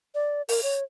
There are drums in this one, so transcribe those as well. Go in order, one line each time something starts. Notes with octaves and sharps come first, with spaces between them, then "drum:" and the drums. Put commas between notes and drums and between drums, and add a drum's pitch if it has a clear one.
D5
A#4, drum: open hi-hat
C#5